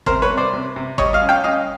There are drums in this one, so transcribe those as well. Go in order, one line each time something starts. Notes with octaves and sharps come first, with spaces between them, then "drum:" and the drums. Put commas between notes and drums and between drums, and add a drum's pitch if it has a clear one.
C3 A#4 C5, drum: kick
B4 C#5
C3
C5 D5
C3
C3
G3 C#5 D#5, drum: kick
D#5 F5
C#4
F5 G5
C#4 D#5 F5